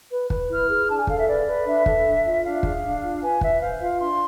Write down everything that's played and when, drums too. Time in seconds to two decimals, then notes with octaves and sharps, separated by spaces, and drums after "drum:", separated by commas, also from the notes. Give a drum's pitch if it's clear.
0.11 B4
0.30 B4, drum: kick
0.49 E4 F6
0.69 G#4
0.88 D4 A5
0.98 G#5
1.07 A4 F5, drum: kick
1.18 E5
1.27 B4 D5
1.47 B4
1.66 D4 E5
1.86 A4, drum: kick
2.05 D4
2.24 F4
2.43 D4 F5
2.63 G#4, drum: kick
2.83 D4
3.02 F4
3.21 B4 G#5
3.41 B4 E5, drum: kick
3.60 C5 F5
3.80 F4 F5
3.99 D4 C6